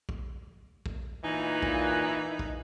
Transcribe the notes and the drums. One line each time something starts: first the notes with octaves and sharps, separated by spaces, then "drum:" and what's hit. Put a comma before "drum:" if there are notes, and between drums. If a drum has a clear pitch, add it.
drum: kick
drum: kick
E2 A#2 E3 D#4 G#5 A#5 F#6
drum: kick
drum: kick